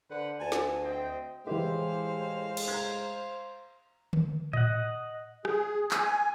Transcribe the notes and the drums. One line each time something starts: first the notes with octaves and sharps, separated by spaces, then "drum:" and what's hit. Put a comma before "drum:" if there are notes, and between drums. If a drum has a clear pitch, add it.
D3 B4 C5 F#5
D2 G#5 A5
drum: snare
C4 D#5 G5
A2 E3 G#3 E4 G4 C5 F5
drum: cymbal
A#5 G#6
drum: tom D3
D#5 F#5, drum: tom A2
G#4, drum: rim click
G#5, drum: clap